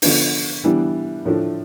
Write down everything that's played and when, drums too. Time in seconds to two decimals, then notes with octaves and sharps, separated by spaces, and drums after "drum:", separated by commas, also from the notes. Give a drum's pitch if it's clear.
0.02 D3 F3 B3 D4, drum: open hi-hat
0.64 E3 G3 B3 D4
1.25 A2 F3 A3 D4